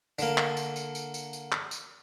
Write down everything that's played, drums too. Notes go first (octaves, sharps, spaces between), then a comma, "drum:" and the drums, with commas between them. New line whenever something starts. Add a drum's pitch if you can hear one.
D3 A#3, drum: tambourine
drum: clap
drum: tambourine
drum: tambourine
drum: tambourine
drum: tambourine
drum: tambourine
drum: clap
drum: tambourine